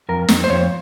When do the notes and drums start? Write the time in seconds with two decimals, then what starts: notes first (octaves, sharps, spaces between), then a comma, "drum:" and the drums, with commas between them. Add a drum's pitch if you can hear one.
0.09 F2 A#4
0.28 F2, drum: snare
0.44 C5
0.49 F2 C#5